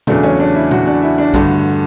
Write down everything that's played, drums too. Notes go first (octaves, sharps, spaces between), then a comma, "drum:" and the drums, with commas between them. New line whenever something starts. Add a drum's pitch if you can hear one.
E2 C#3 F#3 A3 D4, drum: tom A#2
C#4
D4
E4
F#4, drum: tom A#2
D4
E4
D4
G2 D3 A3 F#4, drum: kick B1, hi-hat